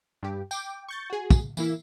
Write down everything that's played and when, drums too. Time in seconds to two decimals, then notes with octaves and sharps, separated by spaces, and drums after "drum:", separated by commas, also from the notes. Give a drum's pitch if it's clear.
0.23 G2 G4
0.51 G5 D6, drum: tambourine
0.89 C#6 G6 A6
1.10 F#4 G#4
1.30 drum: kick, tambourine
1.57 E3 A#3 E4, drum: tambourine